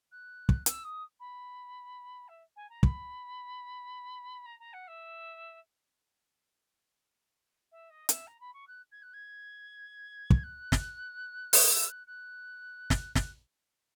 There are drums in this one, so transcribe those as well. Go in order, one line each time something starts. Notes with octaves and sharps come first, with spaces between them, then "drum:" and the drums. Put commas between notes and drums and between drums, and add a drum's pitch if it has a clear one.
F#6
drum: kick
E6, drum: hi-hat
D#6
B5
E5
G#5
A#5
B5, drum: kick
A#5
A#5
F#5
E5
E5
D#5
E5, drum: hi-hat
A#5
B5
C#6
F#6
G#6
F#6
G#6
drum: kick
F#6
drum: snare
D#6, drum: open hi-hat
E6
F#6
F#6
drum: snare
F#6, drum: snare